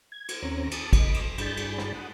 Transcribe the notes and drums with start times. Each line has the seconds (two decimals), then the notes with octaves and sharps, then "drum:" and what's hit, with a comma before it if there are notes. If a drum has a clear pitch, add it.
0.12 G#6
0.29 drum: cymbal
0.42 D#2 C4 C#4 A#5
0.71 A5 D6 D#6, drum: cymbal
0.93 D#5 B5 D6, drum: kick, cymbal
1.14 drum: cymbal
1.38 G2 D4 G#4 B5 G6 A6, drum: cymbal
1.57 drum: cymbal
1.78 drum: rim click
1.94 F#5 D#6